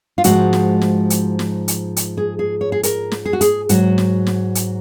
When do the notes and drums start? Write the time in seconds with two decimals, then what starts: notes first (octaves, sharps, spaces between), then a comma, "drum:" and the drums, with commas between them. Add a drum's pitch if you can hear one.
0.18 F4
0.24 G#2 F3 G#3 F#4, drum: hi-hat
0.53 drum: snare
0.81 drum: snare
1.10 drum: hi-hat
1.39 drum: snare
1.68 drum: hi-hat
1.97 drum: hi-hat
2.17 G#4
2.39 G#4
2.61 C#5
2.72 G#4
2.83 A#4, drum: hi-hat
3.12 drum: snare
3.25 G#4
3.33 F#4
3.41 G#4, drum: hi-hat
3.69 G#2 F#3 F#4, drum: hi-hat
3.98 drum: snare
4.27 drum: snare
4.55 drum: hi-hat